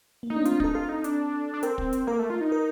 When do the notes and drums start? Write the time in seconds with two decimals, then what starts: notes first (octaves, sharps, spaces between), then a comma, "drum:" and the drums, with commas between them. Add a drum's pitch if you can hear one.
0.23 A#3
0.30 A3 D#4
0.36 D4
0.42 C4
0.45 F4, drum: hi-hat
0.52 D4
0.60 D#4 A4, drum: kick
0.75 F4 A4
0.89 D#4
1.04 D4, drum: hi-hat
1.54 D4
1.63 C4 A#4, drum: hi-hat
1.78 drum: kick
1.93 drum: hi-hat
2.07 A#3 A#4
2.19 A3
2.30 F4
2.41 D#4
2.52 A#4